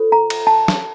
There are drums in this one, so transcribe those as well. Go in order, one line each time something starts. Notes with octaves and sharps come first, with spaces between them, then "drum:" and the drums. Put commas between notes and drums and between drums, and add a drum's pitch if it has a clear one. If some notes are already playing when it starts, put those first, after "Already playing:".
Already playing: F4 A4 C5
A#5
drum: cymbal
A5
drum: snare